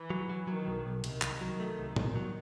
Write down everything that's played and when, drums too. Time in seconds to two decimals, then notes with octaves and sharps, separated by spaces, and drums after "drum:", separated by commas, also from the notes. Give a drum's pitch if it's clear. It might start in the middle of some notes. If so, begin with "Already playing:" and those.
Already playing: E3
0.10 F#3
0.29 F#3
0.47 D#3 F#3
0.67 B1
0.86 B1
1.04 C2 D#3, drum: cymbal
1.22 C2, drum: clap
1.41 F#3
1.60 A3
1.78 C2
1.96 C2, drum: tom A2
2.16 F#3